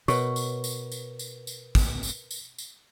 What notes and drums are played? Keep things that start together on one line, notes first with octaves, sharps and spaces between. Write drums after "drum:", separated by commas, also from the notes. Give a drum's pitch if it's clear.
B2 A#4 B4 C#5 C#6, drum: tambourine
drum: tambourine
drum: tambourine
drum: tambourine
drum: tambourine
drum: tambourine
drum: kick, tambourine
drum: tambourine
drum: tambourine
drum: tambourine